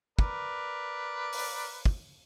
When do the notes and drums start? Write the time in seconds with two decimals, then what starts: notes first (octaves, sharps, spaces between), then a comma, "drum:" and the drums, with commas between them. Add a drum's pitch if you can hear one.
0.19 A#4 B4 D5, drum: kick
1.33 drum: open hi-hat
1.86 drum: kick